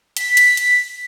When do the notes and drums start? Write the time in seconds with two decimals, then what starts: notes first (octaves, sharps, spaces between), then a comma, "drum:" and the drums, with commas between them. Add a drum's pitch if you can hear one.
0.17 B6, drum: hi-hat
0.37 drum: hi-hat
0.57 drum: hi-hat